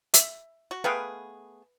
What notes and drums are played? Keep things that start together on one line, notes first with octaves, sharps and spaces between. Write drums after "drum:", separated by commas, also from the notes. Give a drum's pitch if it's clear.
E5, drum: hi-hat
F#4
A3 B3 G#4 B4 F5 G5